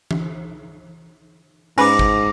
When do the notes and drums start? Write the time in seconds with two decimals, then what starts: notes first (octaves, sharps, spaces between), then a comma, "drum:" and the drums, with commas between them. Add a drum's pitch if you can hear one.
0.11 drum: tom E3
1.78 G#2 C#4 B4 D6 A#6, drum: cymbal
1.99 drum: kick G#1